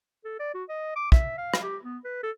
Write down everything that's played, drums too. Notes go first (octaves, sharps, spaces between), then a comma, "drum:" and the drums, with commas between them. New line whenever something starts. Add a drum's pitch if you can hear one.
A4
D5
F#4
D#5
D6
E5, drum: kick
F5
drum: rim click
G4
B3
B4
A4